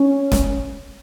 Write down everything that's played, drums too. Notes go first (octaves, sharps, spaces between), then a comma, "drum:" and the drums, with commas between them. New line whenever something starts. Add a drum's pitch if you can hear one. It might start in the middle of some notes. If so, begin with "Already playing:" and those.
Already playing: C#4
drum: snare